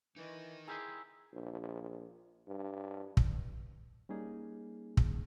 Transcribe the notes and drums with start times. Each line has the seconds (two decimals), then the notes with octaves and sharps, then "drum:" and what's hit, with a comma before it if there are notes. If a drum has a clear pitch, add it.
0.16 E3 D#4 A#4 D#5
0.68 E4 G4 G#4 C5 G#5 A#5 E6
1.33 A#1
2.48 G2
3.17 drum: kick
4.09 G3 A#3 C#4 D#4 G#4
4.97 drum: kick